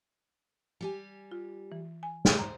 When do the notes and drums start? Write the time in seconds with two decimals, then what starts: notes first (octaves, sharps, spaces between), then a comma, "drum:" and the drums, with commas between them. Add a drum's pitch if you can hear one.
0.81 G3 G4 G#5
1.31 F4
1.72 E3
2.03 G#5
2.25 drum: snare
2.39 C5 A#5